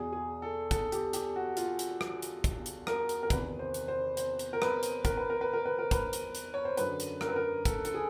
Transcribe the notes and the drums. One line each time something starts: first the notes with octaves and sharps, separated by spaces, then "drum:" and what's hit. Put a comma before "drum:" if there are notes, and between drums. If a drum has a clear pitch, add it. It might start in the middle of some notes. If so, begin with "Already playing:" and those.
Already playing: E2 B2 G#4
G#4
A4
A4, drum: kick, hi-hat
G4, drum: hi-hat
G4, drum: hi-hat
F#4
F4, drum: hi-hat
drum: hi-hat
drum: rim click
drum: hi-hat
drum: kick, hi-hat
drum: hi-hat
A#4, drum: rim click
drum: hi-hat
A#4
E2 C3 D#3 B4, drum: kick, hi-hat
C5
drum: hi-hat
C5
C5, drum: hi-hat
drum: hi-hat
A#4
B4, drum: rim click
drum: hi-hat
A#4, drum: kick, hi-hat
B4
A#4
B4
A#4
B4
A#4
B4, drum: kick, hi-hat
drum: hi-hat
drum: hi-hat
C#5
C5
F#2 D3 B4, drum: hi-hat
drum: hi-hat
A#4, drum: rim click
B4
A#4
A4, drum: kick, hi-hat
A4, drum: hi-hat
G#4